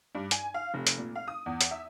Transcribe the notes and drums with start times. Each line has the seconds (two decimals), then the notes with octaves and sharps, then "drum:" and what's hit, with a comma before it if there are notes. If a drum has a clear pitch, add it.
0.15 G2
0.31 G#5, drum: hi-hat
0.54 F5
0.74 F1
0.87 drum: hi-hat
0.98 A#2
1.15 F5
1.28 D#6
1.46 E2
1.61 drum: hi-hat
1.71 E5